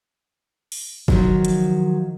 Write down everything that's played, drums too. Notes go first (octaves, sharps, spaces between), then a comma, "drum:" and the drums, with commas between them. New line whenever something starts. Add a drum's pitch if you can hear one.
drum: open hi-hat
D#3 F3 F#3, drum: kick
drum: hi-hat